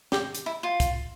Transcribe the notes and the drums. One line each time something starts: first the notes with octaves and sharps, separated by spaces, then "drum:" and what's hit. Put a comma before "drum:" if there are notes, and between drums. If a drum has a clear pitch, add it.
G4, drum: snare
drum: hi-hat
E4
F4
drum: kick, hi-hat